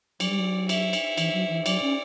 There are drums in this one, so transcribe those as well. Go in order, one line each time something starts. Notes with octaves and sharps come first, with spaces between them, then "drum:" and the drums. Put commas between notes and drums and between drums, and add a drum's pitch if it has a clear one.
F#3 D5, drum: cymbal
G3
F#3
E5, drum: cymbal
drum: cymbal
E3, drum: cymbal
F#3
E3
F#3 D5, drum: cymbal
C#4